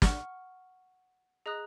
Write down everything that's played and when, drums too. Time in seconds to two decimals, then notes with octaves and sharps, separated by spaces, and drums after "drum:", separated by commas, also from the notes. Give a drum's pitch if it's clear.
0.02 F#5 C#6 F6, drum: snare
1.46 G#4 D#5 A#5 D#6 F#6